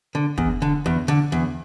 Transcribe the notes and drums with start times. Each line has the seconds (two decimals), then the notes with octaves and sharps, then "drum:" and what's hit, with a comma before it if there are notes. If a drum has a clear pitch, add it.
0.15 D3
0.38 E2, drum: kick
0.62 D3
0.86 E2
1.08 D3
1.32 E2